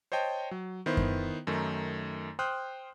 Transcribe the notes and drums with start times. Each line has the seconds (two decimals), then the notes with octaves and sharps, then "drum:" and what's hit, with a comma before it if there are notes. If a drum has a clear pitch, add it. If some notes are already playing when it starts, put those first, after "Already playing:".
0.12 C5 C#5 D#5 G5 A5
0.51 F#3
0.86 D#3 B3 E4 C5
0.97 drum: kick F#2
1.47 F#2 D#3 A3 D#4
2.39 C5 G5 C6 D#6 F6 F#6